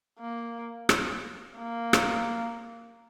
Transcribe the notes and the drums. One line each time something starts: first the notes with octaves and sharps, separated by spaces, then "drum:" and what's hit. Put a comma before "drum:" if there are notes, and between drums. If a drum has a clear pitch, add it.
A#3
drum: rim click
A#3
drum: rim click